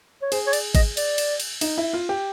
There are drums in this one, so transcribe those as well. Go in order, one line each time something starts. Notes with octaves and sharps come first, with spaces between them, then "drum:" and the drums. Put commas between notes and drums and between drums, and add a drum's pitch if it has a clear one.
C#5
G#4 C5, drum: cymbal
C#5
D5, drum: cymbal
D#5, drum: kick G#1, cymbal
D5, drum: cymbal
drum: cymbal
drum: cymbal
D#4, drum: cymbal
E4
F4
G4